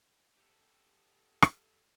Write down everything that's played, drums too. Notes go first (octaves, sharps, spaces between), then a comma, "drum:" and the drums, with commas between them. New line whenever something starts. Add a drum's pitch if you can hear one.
G4 A4
drum: rim click